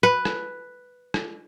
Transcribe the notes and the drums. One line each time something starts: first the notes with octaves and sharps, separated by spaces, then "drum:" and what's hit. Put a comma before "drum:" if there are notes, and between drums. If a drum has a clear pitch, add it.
B4
drum: rim click
drum: rim click